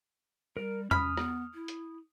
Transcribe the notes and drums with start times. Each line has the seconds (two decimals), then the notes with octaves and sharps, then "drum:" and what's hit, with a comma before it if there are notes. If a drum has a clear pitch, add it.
0.57 G3 A#4
0.91 C#4 B5 D#6 F6, drum: tom E2
1.17 B3, drum: rim click
1.54 E4
1.68 drum: hi-hat